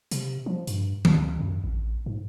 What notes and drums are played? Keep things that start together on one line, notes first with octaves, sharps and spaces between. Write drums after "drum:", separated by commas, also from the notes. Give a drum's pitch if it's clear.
C3, drum: hi-hat
F3
G2, drum: hi-hat
D2, drum: tom D#3
F#2
A1
G#2